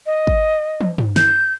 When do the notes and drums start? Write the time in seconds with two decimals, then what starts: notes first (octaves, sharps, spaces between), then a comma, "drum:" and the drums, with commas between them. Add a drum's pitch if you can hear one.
0.06 D#5
0.27 drum: kick
0.81 drum: tom
0.98 drum: tom
1.16 G6, drum: snare